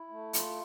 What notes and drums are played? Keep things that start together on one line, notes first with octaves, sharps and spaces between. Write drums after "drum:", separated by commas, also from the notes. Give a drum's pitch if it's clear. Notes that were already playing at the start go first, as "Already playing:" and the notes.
Already playing: E4
A3
F4, drum: hi-hat